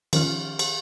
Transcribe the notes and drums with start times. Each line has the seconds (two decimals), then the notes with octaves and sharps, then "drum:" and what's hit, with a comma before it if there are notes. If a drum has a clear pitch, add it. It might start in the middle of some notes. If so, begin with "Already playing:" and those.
0.13 D#3 F3 C#4 F6, drum: cymbal
0.59 drum: cymbal